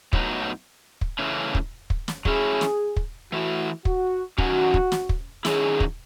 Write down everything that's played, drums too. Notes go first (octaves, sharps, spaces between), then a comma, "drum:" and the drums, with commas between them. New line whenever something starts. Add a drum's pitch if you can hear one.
A2 F#3 B3 D#4, drum: kick
drum: kick
C#3 E3 A3 C#4
drum: kick
drum: kick
drum: snare
F#3 C#4 E4 G#4, drum: kick
drum: snare
drum: kick
E3 A3 E4 F#4
F#4, drum: kick
D#3 F#3 C#4 F#4, drum: kick
drum: kick
drum: snare
drum: kick
D#3 F#3 C#4 E4 G#4, drum: snare
drum: kick